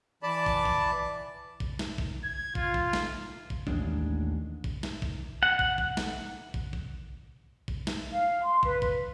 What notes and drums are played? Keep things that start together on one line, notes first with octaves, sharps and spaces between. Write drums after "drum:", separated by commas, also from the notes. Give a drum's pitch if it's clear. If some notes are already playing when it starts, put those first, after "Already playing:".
E3 D5 A5 B5
drum: kick
drum: kick
drum: kick
drum: snare
drum: kick
G#6
F4, drum: kick
drum: kick
drum: snare
drum: kick
A1 D#2 G#3 D4, drum: kick
drum: kick
drum: snare
drum: kick
F#5
drum: kick
drum: kick
drum: snare
drum: kick
drum: kick
drum: kick
drum: snare
F5
C6
B4, drum: kick
drum: kick